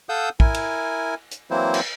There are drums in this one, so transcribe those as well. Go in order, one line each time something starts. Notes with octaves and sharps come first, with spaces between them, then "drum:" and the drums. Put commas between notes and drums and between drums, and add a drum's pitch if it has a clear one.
A4 F5 F#5 D#6 E6 G6
E4 A#4 G#5, drum: kick
drum: cymbal
drum: hi-hat
E3 F#3 A#3 C4 E4 C5
drum: cymbal